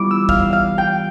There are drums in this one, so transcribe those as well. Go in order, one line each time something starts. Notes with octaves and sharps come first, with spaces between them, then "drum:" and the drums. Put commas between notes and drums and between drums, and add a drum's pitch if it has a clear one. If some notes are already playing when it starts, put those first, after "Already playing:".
Already playing: E3 G3 B3 F4 D6
E6
F5, drum: kick
F5
G5